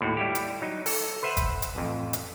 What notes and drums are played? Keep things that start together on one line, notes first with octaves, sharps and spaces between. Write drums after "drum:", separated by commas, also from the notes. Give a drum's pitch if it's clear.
D#2 A2 F#4
G3 E4 G4
drum: hi-hat
F#3 D#4
A4, drum: open hi-hat
B4 C5 E5 F#5
drum: kick, hi-hat
drum: hi-hat
A1 F2
drum: hi-hat